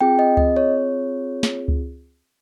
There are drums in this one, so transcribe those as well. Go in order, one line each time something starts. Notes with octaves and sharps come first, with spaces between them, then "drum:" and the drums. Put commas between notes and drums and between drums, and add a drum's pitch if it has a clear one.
C4 F4 G#4 G5
D#5
D#5, drum: kick C#2
C#5
drum: snare
drum: kick C#2